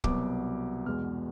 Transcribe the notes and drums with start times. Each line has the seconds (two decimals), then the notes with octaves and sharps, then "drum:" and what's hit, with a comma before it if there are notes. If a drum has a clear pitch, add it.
0.04 C2 B2 F#3 B3 D6, drum: kick
0.86 E2 B2 G#3 F6